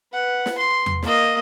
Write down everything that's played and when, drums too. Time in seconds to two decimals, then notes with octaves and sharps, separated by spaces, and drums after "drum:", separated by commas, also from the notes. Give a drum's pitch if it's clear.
0.12 B4 F#5
0.46 drum: snare
0.58 C6
0.86 drum: tom E2
1.03 A#3 D#5, drum: snare